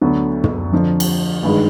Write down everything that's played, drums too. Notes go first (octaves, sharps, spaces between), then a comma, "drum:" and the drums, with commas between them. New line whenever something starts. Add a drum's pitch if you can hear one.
D2 D3 F#3 B3
drum: tom
F2 D3 F3
drum: cymbal
G#1 G2 D#3 G#3